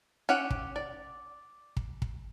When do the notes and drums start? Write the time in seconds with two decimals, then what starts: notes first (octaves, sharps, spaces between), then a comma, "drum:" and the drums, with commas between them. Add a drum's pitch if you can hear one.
0.29 C#4 G4 F#5
0.50 drum: kick
0.76 D5
1.77 drum: kick
2.02 drum: kick